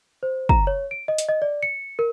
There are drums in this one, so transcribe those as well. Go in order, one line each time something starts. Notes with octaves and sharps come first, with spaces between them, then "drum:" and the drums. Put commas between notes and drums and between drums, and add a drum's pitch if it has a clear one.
C5
A#5, drum: kick
C#5
D7
D#5
drum: hi-hat
D#5
D5
C#7
A#4